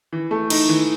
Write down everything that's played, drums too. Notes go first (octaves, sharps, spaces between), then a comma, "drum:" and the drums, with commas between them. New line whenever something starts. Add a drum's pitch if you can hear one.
E3
A3
D#4, drum: cymbal
E3